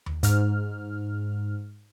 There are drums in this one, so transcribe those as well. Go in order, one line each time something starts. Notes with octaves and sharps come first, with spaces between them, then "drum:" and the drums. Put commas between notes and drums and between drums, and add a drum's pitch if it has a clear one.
drum: tom D#2
G#2 F6, drum: hi-hat